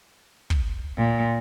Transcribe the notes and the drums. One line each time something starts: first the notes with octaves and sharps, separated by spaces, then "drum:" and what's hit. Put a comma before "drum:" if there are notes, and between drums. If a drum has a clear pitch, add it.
drum: kick
A#2